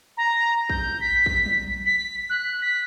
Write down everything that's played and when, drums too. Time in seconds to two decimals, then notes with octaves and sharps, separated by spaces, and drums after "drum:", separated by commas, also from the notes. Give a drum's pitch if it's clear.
0.17 A#5
0.69 G6, drum: kick
1.00 B6
1.26 drum: kick
1.46 drum: tom F#3
1.85 B6
2.29 F#6
2.61 B6